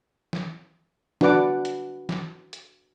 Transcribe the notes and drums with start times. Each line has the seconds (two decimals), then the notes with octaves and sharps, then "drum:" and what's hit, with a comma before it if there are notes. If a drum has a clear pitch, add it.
0.33 drum: snare
1.21 D4 F#4 B4 F#5 D6, drum: snare
1.65 drum: hi-hat
2.09 drum: snare
2.53 drum: hi-hat